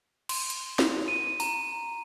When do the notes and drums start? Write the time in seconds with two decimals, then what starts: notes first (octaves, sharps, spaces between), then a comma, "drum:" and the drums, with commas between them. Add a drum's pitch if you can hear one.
0.29 C6, drum: cymbal
0.50 drum: hi-hat
0.79 F7, drum: snare
1.08 D#7
1.40 A#5, drum: open hi-hat